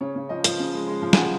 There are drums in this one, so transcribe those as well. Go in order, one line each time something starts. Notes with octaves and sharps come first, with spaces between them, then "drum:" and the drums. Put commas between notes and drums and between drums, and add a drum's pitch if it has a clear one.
C#3 C#5
C#3
F3 D#5
F3, drum: hi-hat
C#3
G#3
G#3
F3
G#5, drum: snare
C#3 F#5